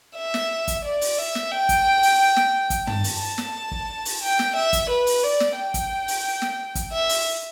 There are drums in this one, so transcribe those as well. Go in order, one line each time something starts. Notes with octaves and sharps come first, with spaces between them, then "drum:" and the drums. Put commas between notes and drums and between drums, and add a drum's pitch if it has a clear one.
E5
drum: snare
drum: kick, hi-hat
D5
drum: open hi-hat
E5
drum: snare
G5
drum: kick, hi-hat
drum: open hi-hat
drum: snare
drum: kick, hi-hat
A5, drum: tom
drum: open hi-hat
A5
drum: snare
drum: kick
drum: open hi-hat
G5
drum: snare
E5
drum: kick, hi-hat
B4
drum: open hi-hat
D5
drum: snare
G5
drum: kick, hi-hat
drum: open hi-hat
drum: snare
drum: kick, hi-hat
E5
drum: open hi-hat